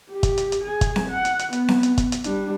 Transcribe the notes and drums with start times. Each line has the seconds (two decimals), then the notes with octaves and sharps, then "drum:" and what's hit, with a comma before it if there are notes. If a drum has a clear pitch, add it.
0.11 G4
0.23 drum: kick, hi-hat
0.38 drum: hi-hat
0.52 drum: hi-hat
0.63 G#4
0.81 drum: kick, hi-hat
0.96 drum: snare C4
1.10 F#5
1.25 drum: hi-hat
1.39 drum: hi-hat
1.53 B3, drum: hi-hat
1.68 drum: snare C4
1.83 drum: hi-hat
1.98 drum: kick, hi-hat
2.12 drum: hi-hat
2.24 G3 D4, drum: hi-hat